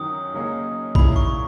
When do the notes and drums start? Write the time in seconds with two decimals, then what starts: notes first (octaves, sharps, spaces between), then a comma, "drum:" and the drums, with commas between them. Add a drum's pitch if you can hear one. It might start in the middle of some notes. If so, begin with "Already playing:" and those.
Already playing: F#2 D#3 F#3 C#4 D#6
0.34 C#3 F#3 A#3 D#4 G#4
0.95 A#2 F#3 A#3 E4 G#4 B5, drum: kick A#1
1.16 C#6